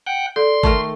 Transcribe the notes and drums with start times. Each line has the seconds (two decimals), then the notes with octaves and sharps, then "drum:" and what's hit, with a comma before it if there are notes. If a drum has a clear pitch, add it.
0.07 F#5 G5
0.36 A4 D5 C6
0.63 D#3 A3 A#4 A5 C#6, drum: kick G1